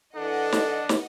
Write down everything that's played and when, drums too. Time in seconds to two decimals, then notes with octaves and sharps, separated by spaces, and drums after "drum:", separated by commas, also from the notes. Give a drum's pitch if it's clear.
0.16 E3 D4 A4 D#5 F#5
0.52 drum: snare
0.89 drum: snare